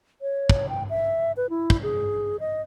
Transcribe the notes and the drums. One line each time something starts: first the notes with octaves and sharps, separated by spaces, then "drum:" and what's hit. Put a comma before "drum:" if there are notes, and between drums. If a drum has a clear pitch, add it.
C#5
drum: kick
G5
E5
B4
E4
drum: kick
G#4
D#5